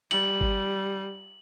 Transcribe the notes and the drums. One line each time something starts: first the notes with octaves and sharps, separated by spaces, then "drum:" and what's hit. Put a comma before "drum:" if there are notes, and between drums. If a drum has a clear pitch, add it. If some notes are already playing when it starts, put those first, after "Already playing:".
G3 F#7, drum: cymbal
drum: kick G1